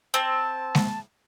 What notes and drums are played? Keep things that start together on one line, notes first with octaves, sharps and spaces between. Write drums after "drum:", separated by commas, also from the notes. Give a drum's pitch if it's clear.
C4 A5
drum: snare G#3